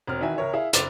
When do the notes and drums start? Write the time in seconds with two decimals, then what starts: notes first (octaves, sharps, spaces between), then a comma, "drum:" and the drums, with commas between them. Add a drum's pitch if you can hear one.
0.07 E1 C4 F6
0.21 D#3 E3 F#4 E5 G#5
0.36 C#2 A#4 C#5 E5
0.53 E4 G#4 E5 F5
0.73 F#1 C5 D6 A6 E7 F7, drum: hi-hat